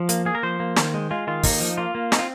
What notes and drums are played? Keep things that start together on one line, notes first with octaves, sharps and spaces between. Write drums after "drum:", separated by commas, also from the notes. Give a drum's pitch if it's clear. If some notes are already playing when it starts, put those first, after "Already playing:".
Already playing: F3
A#3, drum: hi-hat
A#3 G#4
A#4
F3 C5
A#3
D#3, drum: snare
G#3
G#3 F4
D#3 F4
A#3 D#4, drum: kick, open hi-hat
F3
A#3 F4
A#3
C4 D#4, drum: snare
F4